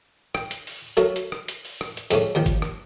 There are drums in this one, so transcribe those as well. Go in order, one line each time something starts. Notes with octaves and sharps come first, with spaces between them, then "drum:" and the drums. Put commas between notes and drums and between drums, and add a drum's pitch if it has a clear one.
G5, drum: rim click
drum: hi-hat
drum: open hi-hat
F#3 A3 F#4 A#4, drum: hi-hat
drum: hi-hat
drum: rim click
drum: hi-hat
drum: open hi-hat
drum: rim click
drum: hi-hat
F2 G#2 A3 C#4, drum: hi-hat
D#2 D#3 F3
drum: kick G1, hi-hat
drum: rim click